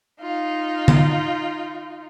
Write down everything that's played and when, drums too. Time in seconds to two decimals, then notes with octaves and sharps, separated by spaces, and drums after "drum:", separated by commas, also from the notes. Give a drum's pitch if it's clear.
0.21 D#4 F4
0.88 drum: tom D3